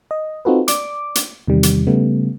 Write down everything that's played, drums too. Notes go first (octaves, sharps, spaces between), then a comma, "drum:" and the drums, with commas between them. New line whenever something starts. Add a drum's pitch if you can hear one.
D#5
C4 D#4 F4 F#4 A4 B4
D5 D6, drum: hi-hat
drum: hi-hat
E2 C3 D#3 G3
drum: hi-hat
C#3 G3 A3 B3